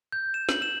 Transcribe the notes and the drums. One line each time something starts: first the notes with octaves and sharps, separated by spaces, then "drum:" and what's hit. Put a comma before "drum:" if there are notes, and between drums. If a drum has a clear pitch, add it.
G6
E7
F#7, drum: snare
E7